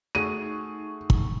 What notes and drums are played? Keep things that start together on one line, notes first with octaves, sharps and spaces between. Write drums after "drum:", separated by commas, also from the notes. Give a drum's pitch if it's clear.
A3 D#4 F#4 G#4 C#6 D#7
drum: kick